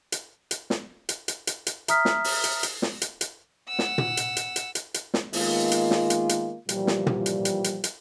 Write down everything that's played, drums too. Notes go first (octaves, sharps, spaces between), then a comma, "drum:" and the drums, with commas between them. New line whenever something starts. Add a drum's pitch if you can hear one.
drum: hi-hat
drum: hi-hat
drum: snare
drum: hi-hat
drum: hi-hat
drum: hi-hat
drum: hi-hat
E5 A#5 D#6 F6 B6, drum: hi-hat
drum: snare
drum: open hi-hat
drum: hi-hat
drum: hi-hat
drum: snare
drum: hi-hat
drum: hi-hat
F#5 E6
drum: snare
drum: tom
drum: hi-hat
drum: hi-hat
drum: hi-hat
drum: hi-hat
drum: hi-hat
drum: snare
D#3 G#3 A#3 B3 F4, drum: open hi-hat
drum: hi-hat
drum: snare
drum: hi-hat
drum: hi-hat
A#2 E3 F3 G3, drum: hi-hat
drum: snare
drum: tom
drum: hi-hat
drum: hi-hat
drum: hi-hat
drum: hi-hat